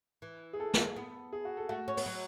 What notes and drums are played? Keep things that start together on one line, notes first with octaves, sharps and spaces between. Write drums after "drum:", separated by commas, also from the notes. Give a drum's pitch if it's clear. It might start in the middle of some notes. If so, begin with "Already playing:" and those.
E3
G#4
A4
drum: snare
B3
G#4
F#4
A4
A3 F#4
C#4
B3, drum: open hi-hat
F#3